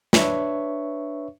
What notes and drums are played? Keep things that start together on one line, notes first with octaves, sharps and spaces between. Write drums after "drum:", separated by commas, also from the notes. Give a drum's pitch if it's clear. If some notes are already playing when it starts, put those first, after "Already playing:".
D4 B4 C#5 E5 C#6, drum: snare